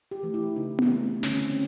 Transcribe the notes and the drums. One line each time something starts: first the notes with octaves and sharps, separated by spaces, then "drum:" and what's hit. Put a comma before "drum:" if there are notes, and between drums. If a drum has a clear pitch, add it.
G4
E3 A3
E4
C#3 D#4
drum: tom B3
E3 A3
D3 C#4, drum: snare
C4
C#4